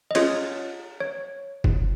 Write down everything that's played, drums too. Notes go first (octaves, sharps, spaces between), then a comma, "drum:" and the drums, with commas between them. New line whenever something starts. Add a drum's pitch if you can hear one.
D#5
C#4 F4 G#4 C#5, drum: cymbal
C#5
drum: kick